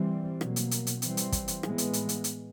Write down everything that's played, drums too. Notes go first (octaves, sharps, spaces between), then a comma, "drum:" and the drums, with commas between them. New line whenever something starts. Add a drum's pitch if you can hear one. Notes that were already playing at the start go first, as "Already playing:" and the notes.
Already playing: E3 G3 C4
B2 F#3 A#3, drum: rim click
drum: hi-hat
drum: hi-hat
drum: hi-hat
E3 G3 C4, drum: hi-hat
drum: hi-hat
drum: kick, hi-hat
drum: hi-hat
A2 E3 G#3 B3, drum: rim click
drum: hi-hat
drum: hi-hat
drum: hi-hat
drum: hi-hat